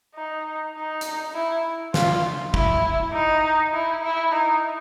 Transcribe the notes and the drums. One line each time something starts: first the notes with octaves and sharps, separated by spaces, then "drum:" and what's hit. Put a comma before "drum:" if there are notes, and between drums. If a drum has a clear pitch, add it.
D#4
D#4
drum: hi-hat
E4
F4, drum: snare
E4, drum: kick
D#4
E4
E4
D#4